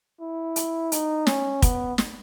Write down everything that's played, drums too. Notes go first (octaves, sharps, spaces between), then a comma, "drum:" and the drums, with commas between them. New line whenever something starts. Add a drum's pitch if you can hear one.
E4
drum: hi-hat
D#4, drum: hi-hat
C#4, drum: snare
B3, drum: kick, hi-hat
drum: snare